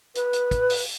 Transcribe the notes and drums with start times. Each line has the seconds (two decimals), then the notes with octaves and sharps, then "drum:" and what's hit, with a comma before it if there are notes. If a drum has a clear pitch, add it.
0.15 B4, drum: hi-hat
0.33 drum: hi-hat
0.51 drum: kick, hi-hat
0.70 drum: open hi-hat